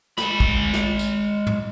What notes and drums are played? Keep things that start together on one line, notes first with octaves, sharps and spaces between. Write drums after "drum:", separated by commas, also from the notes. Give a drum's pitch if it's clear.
G#3 B5, drum: snare
drum: kick
drum: snare
drum: tambourine
drum: tom